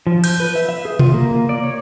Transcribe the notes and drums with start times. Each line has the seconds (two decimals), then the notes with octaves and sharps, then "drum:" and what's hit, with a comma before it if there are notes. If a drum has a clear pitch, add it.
0.07 F3
0.24 G6, drum: cymbal
0.40 B4
0.55 E5
0.69 E5
0.85 G#4
0.99 F4, drum: tom B2
1.14 A#3
1.49 D5
1.63 C#5